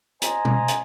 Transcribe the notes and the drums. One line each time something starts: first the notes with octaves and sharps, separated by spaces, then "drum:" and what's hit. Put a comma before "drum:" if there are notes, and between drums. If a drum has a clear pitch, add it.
C5 D#5 G#5 A#5, drum: hi-hat
drum: tom B2
drum: hi-hat